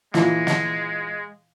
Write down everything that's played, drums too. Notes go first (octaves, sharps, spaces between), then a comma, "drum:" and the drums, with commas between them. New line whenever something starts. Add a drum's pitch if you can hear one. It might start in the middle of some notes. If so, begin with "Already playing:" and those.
A#2 E3 G#3, drum: snare
drum: snare